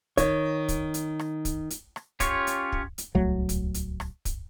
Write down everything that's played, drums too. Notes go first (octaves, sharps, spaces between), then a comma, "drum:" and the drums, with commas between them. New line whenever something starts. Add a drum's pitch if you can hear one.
D#3 C#5, drum: kick, hi-hat
drum: kick, hi-hat
drum: hi-hat
drum: rim click
drum: kick, hi-hat
drum: hi-hat
drum: rim click
C#4 F4 G4 C#5, drum: kick, hi-hat
drum: hi-hat
drum: kick
drum: hi-hat
D1 C2 F#3 A3
drum: kick, hi-hat
drum: hi-hat
drum: rim click
drum: kick, hi-hat